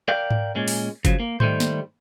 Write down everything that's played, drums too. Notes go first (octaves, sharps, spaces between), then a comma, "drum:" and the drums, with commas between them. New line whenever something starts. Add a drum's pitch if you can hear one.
A#4 D5 F5 G5
drum: tom G#2
A#2 G#3 C#4
drum: open hi-hat
C#3 F3 F#3, drum: kick F#1, hi-hat
A#3
D#3 G3 A3 C5, drum: tom G#2
drum: snare